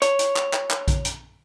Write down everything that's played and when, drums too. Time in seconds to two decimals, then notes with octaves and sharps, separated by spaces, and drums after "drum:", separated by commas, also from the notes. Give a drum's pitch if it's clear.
0.02 C#5, drum: hi-hat
0.19 drum: hi-hat
0.36 drum: clap
0.53 drum: clap
0.70 drum: clap
0.88 drum: kick A#1, hi-hat
1.05 drum: hi-hat